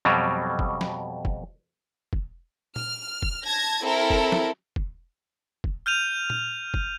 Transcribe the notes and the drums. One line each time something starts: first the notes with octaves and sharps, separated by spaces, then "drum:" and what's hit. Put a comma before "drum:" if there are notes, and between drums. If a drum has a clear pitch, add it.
F2 B2 F#3 G3
drum: kick
drum: snare
drum: kick
drum: kick
F6, drum: tom A#2
drum: kick
A5 G#6 A#6
C4 E4 A4 A#4
drum: kick
drum: snare
drum: kick
drum: kick
F6 G6 D#7 F7
drum: tom A#2
drum: kick